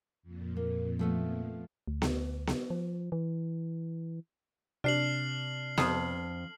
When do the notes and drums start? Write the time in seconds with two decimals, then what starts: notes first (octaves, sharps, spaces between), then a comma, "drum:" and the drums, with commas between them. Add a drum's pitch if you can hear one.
0.23 F2 A#2
0.57 A#3
0.99 F3 A3 B3
1.88 D2
2.02 drum: snare B3
2.47 drum: snare B3
2.70 F3
3.12 E3
4.84 C3 D4 F6 C7 F#7
5.78 F2, drum: snare B3